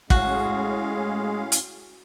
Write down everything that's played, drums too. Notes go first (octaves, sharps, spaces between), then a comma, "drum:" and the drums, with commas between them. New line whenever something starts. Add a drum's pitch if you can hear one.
A2 G#3 C#4 F#4 F5, drum: kick
drum: hi-hat